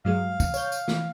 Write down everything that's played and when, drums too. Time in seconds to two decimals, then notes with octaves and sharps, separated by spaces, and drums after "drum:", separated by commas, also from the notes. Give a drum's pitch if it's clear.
0.05 G2 F#3 G#3 F5
0.40 drum: kick, tambourine
0.54 C#5 G6, drum: tambourine
0.72 drum: tambourine
0.88 E3, drum: snare